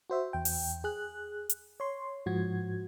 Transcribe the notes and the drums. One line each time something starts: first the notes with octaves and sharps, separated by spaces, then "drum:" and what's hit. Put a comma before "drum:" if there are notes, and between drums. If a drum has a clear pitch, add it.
F#4 C5 E5
E2 G5
drum: open hi-hat
G#4 F#6
drum: hi-hat
C#5 C6
G#2 F3 F#4 G#6